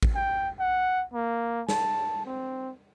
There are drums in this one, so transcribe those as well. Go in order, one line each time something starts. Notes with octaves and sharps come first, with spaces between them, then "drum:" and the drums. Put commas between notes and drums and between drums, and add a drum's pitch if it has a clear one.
drum: kick A1
G5
F#5
A#3
A5, drum: snare
C4